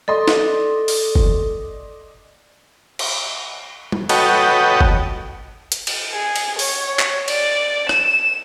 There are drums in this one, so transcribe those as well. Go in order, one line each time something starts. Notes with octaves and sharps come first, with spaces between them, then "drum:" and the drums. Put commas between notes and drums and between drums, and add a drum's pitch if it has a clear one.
A4 D5 D#5 C6
drum: snare
drum: open hi-hat
drum: kick
drum: cymbal
drum: tom G3
F#4 A4 B4 C#5 D#5 G5, drum: cymbal
drum: kick
drum: hi-hat
drum: cymbal
G#4
drum: cymbal
C#5, drum: open hi-hat
drum: clap
D5, drum: cymbal
E7, drum: rim click